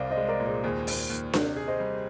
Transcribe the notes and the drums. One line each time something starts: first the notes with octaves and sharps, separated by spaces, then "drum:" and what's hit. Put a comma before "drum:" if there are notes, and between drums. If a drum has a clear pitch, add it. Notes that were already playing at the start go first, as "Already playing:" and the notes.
Already playing: C2 C5 D5 F5
C5 D#5
G#3
A#4 D5
A#2
G#4 C5
D#2 G#4 C5
D#2, drum: open hi-hat
D#2
C3, drum: snare D4
G#4
C5 D#5
G3